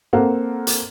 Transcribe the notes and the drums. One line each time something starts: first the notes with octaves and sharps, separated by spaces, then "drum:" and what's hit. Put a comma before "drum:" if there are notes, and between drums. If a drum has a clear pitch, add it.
A#3 C4 A4 C5 F5 F#5
drum: hi-hat